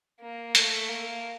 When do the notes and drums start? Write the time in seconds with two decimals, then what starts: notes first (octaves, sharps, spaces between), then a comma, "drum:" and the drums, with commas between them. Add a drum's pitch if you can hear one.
0.21 A#3
0.55 A3, drum: hi-hat
0.89 A#3